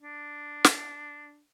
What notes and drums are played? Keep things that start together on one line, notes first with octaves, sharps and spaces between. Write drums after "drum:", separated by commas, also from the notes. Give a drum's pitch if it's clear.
D4
drum: snare